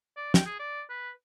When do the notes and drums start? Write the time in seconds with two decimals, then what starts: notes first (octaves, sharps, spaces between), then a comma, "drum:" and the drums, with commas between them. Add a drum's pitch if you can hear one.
0.17 D5
0.34 G5, drum: snare
0.46 G#4
0.60 D5
0.90 B4